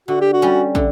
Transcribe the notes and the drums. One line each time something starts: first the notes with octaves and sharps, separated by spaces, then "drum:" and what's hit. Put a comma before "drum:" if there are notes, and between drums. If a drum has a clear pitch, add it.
D3 F#4
G4
F#4
G3 C#4
D3, drum: kick